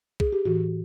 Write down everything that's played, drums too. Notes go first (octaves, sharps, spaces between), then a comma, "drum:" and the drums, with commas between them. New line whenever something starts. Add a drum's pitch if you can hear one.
G#4, drum: kick
G4
A2 E3 F#4